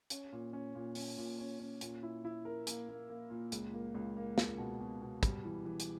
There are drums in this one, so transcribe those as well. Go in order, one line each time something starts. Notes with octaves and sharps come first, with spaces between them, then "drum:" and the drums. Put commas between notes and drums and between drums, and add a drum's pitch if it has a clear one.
C#4, drum: hi-hat
A#2
C#4
A#2
C#4, drum: open hi-hat
A#2
C#4
C#4
A#2, drum: hi-hat
E4
E4
A#4
A#3, drum: hi-hat
A#3
A#3
A#2
C#2, drum: hi-hat
A#3
C#2
A#3
C#2, drum: snare
B2
B2
B2
G3, drum: kick, hi-hat
E3
E3
drum: hi-hat